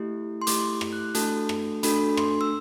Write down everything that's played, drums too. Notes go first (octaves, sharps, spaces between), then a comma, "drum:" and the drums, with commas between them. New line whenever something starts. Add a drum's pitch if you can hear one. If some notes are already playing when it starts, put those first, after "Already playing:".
Already playing: A3 E4 G4
C6
A3 E4 G4 D6, drum: hi-hat
drum: rim click
F#6
A3 D4 F#4 A4 A5, drum: hi-hat
drum: rim click
A3 D4 F#4 A4 B5, drum: hi-hat
C6, drum: rim click
E6